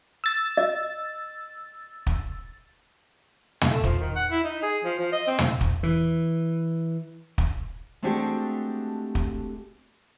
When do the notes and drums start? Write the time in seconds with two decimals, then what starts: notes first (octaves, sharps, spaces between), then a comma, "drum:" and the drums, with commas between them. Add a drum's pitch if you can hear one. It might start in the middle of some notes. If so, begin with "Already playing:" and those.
0.24 E6 A6
0.57 D#5
2.07 drum: kick
3.62 drum: tom
3.71 A3
3.84 F3, drum: kick
3.99 D#3
4.15 F#5
4.31 E4
4.44 D#4
4.62 G#4
4.84 F3
4.99 F3
5.12 D#5
5.27 C4
5.39 drum: tom
5.61 drum: kick
5.83 E3
7.38 drum: kick
8.03 G#3 A3 C4 D4 F#4 G4
9.15 drum: kick